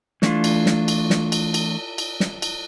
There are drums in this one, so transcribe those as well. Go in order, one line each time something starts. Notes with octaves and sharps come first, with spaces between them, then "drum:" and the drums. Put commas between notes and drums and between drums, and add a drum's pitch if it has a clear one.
E3 A3 D4 F4, drum: snare
drum: cymbal
drum: snare
drum: cymbal
drum: snare
drum: cymbal
drum: cymbal
drum: cymbal
drum: snare
drum: cymbal